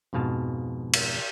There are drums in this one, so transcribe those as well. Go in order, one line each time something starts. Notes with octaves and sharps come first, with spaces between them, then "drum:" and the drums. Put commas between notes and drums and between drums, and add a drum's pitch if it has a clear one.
F2 G#2 B2 F5 A5
drum: cymbal